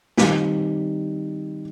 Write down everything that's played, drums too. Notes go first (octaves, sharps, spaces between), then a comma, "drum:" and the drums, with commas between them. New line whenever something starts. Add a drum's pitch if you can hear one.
D#3 G3 C4 D#4, drum: snare